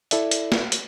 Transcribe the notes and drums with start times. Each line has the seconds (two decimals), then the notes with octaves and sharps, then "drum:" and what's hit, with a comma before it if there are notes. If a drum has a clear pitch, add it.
0.11 E4 A4 D5 E5, drum: hi-hat
0.31 drum: hi-hat
0.52 drum: snare
0.72 drum: hi-hat